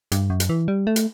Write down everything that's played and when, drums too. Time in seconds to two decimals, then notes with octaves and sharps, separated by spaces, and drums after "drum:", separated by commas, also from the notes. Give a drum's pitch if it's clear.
0.12 G2, drum: hi-hat
0.30 F#2
0.40 drum: hi-hat
0.49 E3
0.68 G3
0.87 A3
0.96 drum: hi-hat